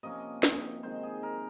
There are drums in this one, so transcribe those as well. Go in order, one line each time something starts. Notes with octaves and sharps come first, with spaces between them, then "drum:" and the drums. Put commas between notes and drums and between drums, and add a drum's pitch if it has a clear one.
C3 F3 A#3 C#4 D#5
drum: snare
D#3 G#3 C4 C5
G#4
A#4